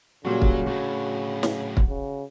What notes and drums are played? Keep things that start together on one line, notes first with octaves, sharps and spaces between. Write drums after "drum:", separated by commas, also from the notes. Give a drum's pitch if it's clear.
A#2 C#3 F#3 G3 F#4
drum: kick
A2 F#3 F#4
drum: snare
drum: kick
C#3